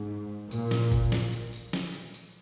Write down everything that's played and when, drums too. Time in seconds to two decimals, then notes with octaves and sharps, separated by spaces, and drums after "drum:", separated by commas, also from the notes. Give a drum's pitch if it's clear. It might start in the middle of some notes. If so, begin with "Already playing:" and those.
Already playing: G#2
0.51 A#2, drum: tambourine
0.71 drum: snare
0.92 drum: kick, tambourine
1.12 drum: snare
1.32 drum: tambourine
1.53 drum: tambourine
1.73 drum: snare
1.94 drum: tambourine
2.14 drum: tambourine